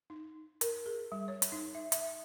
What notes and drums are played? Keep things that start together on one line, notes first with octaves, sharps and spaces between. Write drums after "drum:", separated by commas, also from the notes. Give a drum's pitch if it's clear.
D#4
A#4, drum: hi-hat
G#4
G3
C#5
drum: hi-hat
D#4
E5
E5, drum: hi-hat